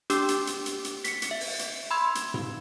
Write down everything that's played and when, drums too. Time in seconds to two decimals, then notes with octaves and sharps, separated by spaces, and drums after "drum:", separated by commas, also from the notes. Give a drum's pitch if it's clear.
0.10 D4 G4 D6 E6, drum: hi-hat
0.28 drum: hi-hat
0.47 drum: hi-hat
0.66 drum: hi-hat
0.84 drum: hi-hat
1.04 B6 C#7, drum: hi-hat
1.22 drum: hi-hat
1.31 E5
1.41 drum: open hi-hat
1.59 drum: hi-hat
1.91 B5 C6 E6 G#6
2.15 drum: hi-hat
2.34 drum: tom G#2